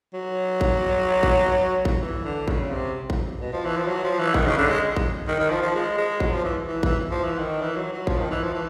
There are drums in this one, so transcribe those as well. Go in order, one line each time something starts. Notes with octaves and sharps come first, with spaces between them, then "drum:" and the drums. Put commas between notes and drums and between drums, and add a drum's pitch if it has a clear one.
F#3
drum: kick A1
drum: kick A1
drum: kick A1
E3
D3
C#3, drum: kick A1
C3
drum: kick A1
B2
F3
E3
F3
F#3
F3
E3
D#3, drum: kick A1
C#3
D3
G#3
drum: kick A1
D#3
D#3
F3
F3
G#3
G#3
F#3, drum: kick A1
F3
E3
E3
E3, drum: kick A1
F3
E3
D#3
E3
F#3
F#3
F3, drum: kick A1
D#3
E3
F3
E3